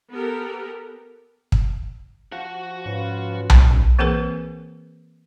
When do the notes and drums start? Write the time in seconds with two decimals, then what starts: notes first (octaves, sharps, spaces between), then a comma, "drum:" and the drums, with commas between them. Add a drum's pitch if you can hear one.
0.12 B3 G4 A4 A#4
1.52 drum: kick
2.32 F3 F#4 F#5
2.85 G#2 C#4 F4 B4
3.50 drum: tom B1
3.99 E3 A#3 C4 G#4 A#4 B4